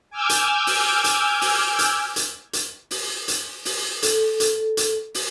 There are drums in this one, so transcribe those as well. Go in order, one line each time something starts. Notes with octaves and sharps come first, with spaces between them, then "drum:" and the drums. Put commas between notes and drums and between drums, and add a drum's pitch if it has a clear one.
G#5 D6 E6 F6 G6 G#6
drum: hi-hat
drum: open hi-hat
drum: hi-hat
drum: open hi-hat
drum: hi-hat
drum: hi-hat
drum: hi-hat
drum: open hi-hat
drum: hi-hat
drum: open hi-hat
A4, drum: hi-hat
drum: hi-hat
drum: hi-hat
drum: open hi-hat